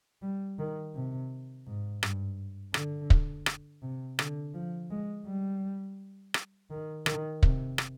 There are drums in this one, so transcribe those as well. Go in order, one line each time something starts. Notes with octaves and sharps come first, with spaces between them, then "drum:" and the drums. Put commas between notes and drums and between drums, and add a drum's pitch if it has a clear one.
G3
D#3
C3
G#2
G2, drum: rim click
D3, drum: rim click
drum: kick
drum: rim click
C3
D3, drum: rim click
F3
G#3
G3
drum: rim click
D#3
D#3, drum: rim click
C3, drum: kick
drum: rim click